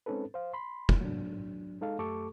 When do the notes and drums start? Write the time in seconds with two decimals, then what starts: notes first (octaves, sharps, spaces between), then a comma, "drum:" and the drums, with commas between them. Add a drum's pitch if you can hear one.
0.06 G#3 C4 C#4 D#4 A4 B4
0.34 C5 F5
0.53 B5 C6
0.89 drum: kick
1.01 F#3 D4
1.81 G#3 D#4 A4 F5
1.99 F#2 A3 G4 A4 C#6 D6